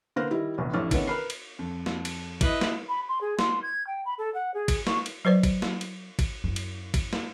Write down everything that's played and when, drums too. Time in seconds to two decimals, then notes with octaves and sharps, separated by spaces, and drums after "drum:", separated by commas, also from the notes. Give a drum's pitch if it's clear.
0.16 D3 A#3 B4 C5 F6 A#6
0.31 D#3 G3 E4
0.58 F1 A#1 E2
0.73 A1 F2 A3 D4 E4 F6
0.91 D#3 E3 A3 B3 C#4 D4, drum: kick, cymbal
1.08 A#4 B4 B5 F6 C7
1.30 drum: cymbal
1.59 F2
1.86 drum: snare
2.05 drum: cymbal
2.41 E4 B4 D#5, drum: kick, cymbal
2.61 drum: snare
2.89 B5
3.09 C6
3.21 G#4
3.39 C6, drum: snare
3.62 G#6
3.87 G5
4.05 B5
4.18 A4
4.34 F#5
4.54 G#4
4.68 drum: kick, cymbal
4.87 C#6, drum: snare
5.06 drum: cymbal
5.25 F#3 B4 C5 D5
5.43 drum: kick, cymbal
5.62 drum: snare
5.81 drum: cymbal
6.19 drum: kick, cymbal
6.44 F#2 E4
6.56 drum: cymbal
6.94 drum: kick, cymbal
7.13 drum: snare